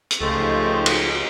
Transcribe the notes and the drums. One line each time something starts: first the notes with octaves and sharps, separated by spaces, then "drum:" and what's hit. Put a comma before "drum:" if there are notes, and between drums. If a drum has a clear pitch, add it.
drum: hi-hat
C#2 F3 G#3 A3 D#4 G4 G#4
drum: cymbal